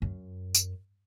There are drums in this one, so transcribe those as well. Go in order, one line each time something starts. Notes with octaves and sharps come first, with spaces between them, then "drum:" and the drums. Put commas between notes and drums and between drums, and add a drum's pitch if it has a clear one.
F#2
drum: tambourine